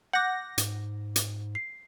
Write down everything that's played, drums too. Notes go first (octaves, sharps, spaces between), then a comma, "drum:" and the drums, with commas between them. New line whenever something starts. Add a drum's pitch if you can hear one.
F#5 D6 G6 A#6
G#2, drum: hi-hat
drum: hi-hat
C7